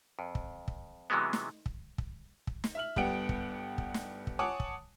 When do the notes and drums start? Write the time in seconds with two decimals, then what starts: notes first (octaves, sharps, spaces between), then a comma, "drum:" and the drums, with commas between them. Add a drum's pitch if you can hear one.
0.19 F2
0.35 drum: kick
0.68 drum: kick
1.10 C3 E3 F#3 G#3 B3
1.33 drum: snare
1.66 drum: kick
1.98 drum: kick
2.47 drum: kick
2.64 drum: snare
2.75 E5 F6 F#7
2.96 G1 G3 B3 F#5 G5 D7, drum: kick
3.29 drum: kick
3.78 drum: kick
3.94 drum: snare
4.27 drum: kick
4.39 C#5 F#5 G#5 A5 D6 D#6
4.60 drum: kick